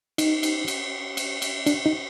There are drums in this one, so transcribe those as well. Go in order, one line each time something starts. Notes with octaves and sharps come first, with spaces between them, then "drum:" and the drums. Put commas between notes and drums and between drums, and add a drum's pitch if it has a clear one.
D#4, drum: cymbal
drum: cymbal
drum: cymbal
drum: cymbal
drum: cymbal
D4, drum: cymbal
D#4